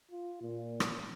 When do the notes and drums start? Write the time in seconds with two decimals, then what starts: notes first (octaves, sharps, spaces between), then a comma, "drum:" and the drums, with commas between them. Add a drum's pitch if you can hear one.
0.11 F4
0.42 A#2
0.80 drum: rim click